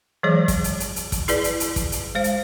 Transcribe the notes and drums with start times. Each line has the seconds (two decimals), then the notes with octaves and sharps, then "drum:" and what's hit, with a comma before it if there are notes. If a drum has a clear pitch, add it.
0.23 E3 F#3 G#3 G#4 C#5 D#5
0.48 drum: kick, hi-hat
0.64 drum: hi-hat
0.80 drum: hi-hat
0.96 drum: hi-hat
1.12 drum: kick, hi-hat
1.28 E4 G#4 B4 D5, drum: hi-hat
1.44 drum: hi-hat
1.60 drum: hi-hat
1.76 drum: kick, hi-hat
1.92 drum: hi-hat
2.15 G#3 C5 F5
2.24 drum: hi-hat